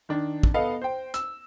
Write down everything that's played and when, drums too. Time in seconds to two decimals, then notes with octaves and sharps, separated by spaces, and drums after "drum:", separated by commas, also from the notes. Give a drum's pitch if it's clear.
0.09 D#3 D4
0.43 drum: kick
0.54 B3 A4 D#5 F5
0.82 C5 G5
1.14 E6, drum: hi-hat